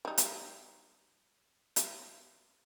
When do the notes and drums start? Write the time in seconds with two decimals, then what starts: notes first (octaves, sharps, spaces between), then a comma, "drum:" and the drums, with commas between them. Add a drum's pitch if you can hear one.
0.05 G3 D#4
0.18 drum: hi-hat
1.76 drum: hi-hat